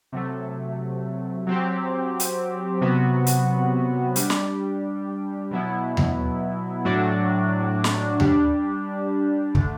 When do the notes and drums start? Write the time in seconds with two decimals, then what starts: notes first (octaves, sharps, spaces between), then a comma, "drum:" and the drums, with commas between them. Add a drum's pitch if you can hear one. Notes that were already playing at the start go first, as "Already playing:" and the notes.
0.12 C3 F#3 A3
1.47 F#3 C4 G4
2.20 drum: hi-hat
2.81 C3 F#3 B3 F#4
3.27 drum: hi-hat
4.16 G3 D4 G4, drum: hi-hat
4.30 drum: snare
5.51 B2 F#3 B3 E4
5.97 drum: tom D#2
6.85 A2 F#3 A3 D4 F#4
7.84 drum: snare
8.20 G3 D4 G4, drum: tom D#2
9.55 D3 A3 D4, drum: kick